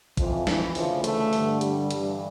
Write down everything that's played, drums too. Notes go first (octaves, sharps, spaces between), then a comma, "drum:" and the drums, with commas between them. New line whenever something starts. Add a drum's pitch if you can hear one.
F2 E3 F3, drum: kick A1, hi-hat
E3, drum: snare
D2 C#3 E3 F3, drum: open hi-hat
A3, drum: hi-hat
G2 D3, drum: open hi-hat
G3, drum: hi-hat
G2 E3, drum: hi-hat